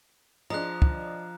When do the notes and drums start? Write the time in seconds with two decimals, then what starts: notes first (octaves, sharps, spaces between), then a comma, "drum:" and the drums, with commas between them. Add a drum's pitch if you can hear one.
0.50 F3 D4 G#4 D#5 A#5 F#6
0.82 drum: kick